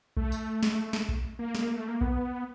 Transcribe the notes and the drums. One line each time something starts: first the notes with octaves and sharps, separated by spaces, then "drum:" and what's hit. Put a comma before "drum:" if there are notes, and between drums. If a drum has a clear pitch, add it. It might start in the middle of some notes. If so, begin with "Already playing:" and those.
A3, drum: kick A#1
drum: tambourine
drum: snare
drum: snare
drum: kick A#1
A#3
drum: snare
A3
A#3
B3, drum: kick A#1